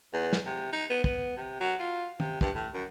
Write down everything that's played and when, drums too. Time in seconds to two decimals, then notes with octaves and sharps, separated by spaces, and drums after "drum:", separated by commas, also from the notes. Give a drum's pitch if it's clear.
0.13 E2
0.33 drum: snare
0.46 C3
0.72 D#4
0.90 B3
1.04 B3, drum: kick
1.37 C3
1.60 F#3
1.79 F4
2.20 C3, drum: tom
2.41 G2, drum: kick
2.55 A2
2.74 F#2